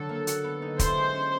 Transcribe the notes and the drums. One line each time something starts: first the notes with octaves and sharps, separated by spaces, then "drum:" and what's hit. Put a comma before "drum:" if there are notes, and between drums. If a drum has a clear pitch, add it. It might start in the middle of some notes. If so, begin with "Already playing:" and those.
Already playing: D3 F#3 A4
A#3
F#4, drum: hi-hat
B3
D#4
E4 C5, drum: kick, hi-hat
G#3
C#4